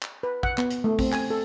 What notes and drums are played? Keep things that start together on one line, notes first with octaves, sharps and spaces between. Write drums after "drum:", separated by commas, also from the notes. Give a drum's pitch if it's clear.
drum: clap
B4
F#5, drum: kick
B3, drum: clap
drum: hi-hat
A3
C4, drum: kick, open hi-hat
G#5, drum: clap
A4